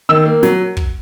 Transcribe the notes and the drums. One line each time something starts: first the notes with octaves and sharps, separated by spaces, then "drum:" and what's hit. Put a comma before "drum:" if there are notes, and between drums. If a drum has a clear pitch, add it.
D#3 E6
A#3
F#3, drum: snare
drum: kick